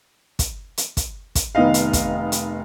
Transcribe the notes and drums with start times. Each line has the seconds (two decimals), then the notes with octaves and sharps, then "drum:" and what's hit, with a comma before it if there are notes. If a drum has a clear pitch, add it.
0.39 drum: kick, hi-hat
0.78 drum: hi-hat
0.97 drum: kick, hi-hat
1.35 drum: kick, hi-hat
1.55 F1 D#3 B3 D#5 F5
1.74 drum: hi-hat
1.93 drum: kick, hi-hat
2.32 drum: hi-hat